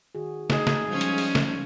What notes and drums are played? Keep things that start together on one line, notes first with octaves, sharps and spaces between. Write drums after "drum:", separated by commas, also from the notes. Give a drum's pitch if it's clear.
D#3 F#4 G#4
D#4 G#4 D#5, drum: snare
drum: snare
F3 G3 G#3 C#4
drum: hi-hat
drum: open hi-hat
drum: snare